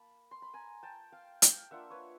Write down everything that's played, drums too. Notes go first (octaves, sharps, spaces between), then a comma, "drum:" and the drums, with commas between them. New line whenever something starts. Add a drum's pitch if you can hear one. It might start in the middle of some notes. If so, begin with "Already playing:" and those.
Already playing: A#3 A5 B5
C6
B5
G#5 A#5
G5 A5
F5 G5
F5 G5, drum: hi-hat
A#3 D4 F4 E5 F#5
B4 C#5